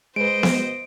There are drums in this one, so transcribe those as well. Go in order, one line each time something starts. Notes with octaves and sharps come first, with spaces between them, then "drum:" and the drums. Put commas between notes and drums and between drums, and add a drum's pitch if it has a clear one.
G#3 B4 C5 D#5 D7
drum: snare B3